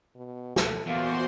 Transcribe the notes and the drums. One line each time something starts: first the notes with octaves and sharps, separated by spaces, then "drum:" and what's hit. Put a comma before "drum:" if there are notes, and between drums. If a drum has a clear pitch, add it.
B2
A4, drum: snare
E2 A#2 F4 F#4 C5 C6